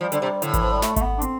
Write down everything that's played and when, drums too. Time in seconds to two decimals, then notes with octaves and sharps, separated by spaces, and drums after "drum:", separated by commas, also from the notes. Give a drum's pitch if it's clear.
0.01 F3 G3
0.12 D3, drum: hi-hat
0.22 C3
0.42 A2 D3, drum: hi-hat
0.54 E3, drum: kick G#1, hi-hat
0.62 F3
0.72 G3
0.82 A3, drum: snare
0.96 A3, drum: kick G#1, hi-hat
1.02 B3
1.18 D4
1.22 C4, drum: hi-hat